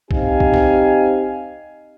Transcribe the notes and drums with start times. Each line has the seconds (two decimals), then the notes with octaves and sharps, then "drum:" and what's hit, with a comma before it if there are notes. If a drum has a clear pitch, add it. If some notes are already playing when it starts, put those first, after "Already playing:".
0.11 C4 D#4 G4 F5 G#5, drum: kick A#1
0.40 drum: kick A#1
0.54 drum: snare